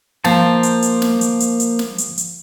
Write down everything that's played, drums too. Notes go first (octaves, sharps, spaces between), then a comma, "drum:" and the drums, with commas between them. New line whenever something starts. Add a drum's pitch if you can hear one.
F3 A#3 C5 A5, drum: snare
drum: hi-hat
drum: hi-hat
drum: snare
drum: hi-hat
drum: hi-hat
drum: hi-hat
drum: snare
drum: hi-hat
drum: hi-hat